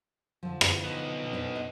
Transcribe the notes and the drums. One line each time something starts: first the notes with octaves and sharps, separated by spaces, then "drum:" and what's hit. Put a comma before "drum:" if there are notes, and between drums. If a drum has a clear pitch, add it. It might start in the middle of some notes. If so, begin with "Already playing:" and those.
D3 F3
drum: rim click
B3 D#4
D4 C5
D#5